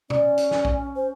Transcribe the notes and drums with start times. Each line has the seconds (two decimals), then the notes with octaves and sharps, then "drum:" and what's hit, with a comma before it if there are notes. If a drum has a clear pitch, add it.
0.10 C#4 D5, drum: tom
0.37 drum: hi-hat
0.51 drum: snare
0.65 drum: kick A#1
0.96 C5